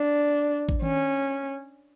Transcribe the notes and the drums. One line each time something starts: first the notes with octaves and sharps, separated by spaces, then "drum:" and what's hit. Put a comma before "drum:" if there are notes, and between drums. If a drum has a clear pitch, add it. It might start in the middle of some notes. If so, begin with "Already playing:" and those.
Already playing: D4
drum: kick A1
C#4, drum: tom D#3
drum: open hi-hat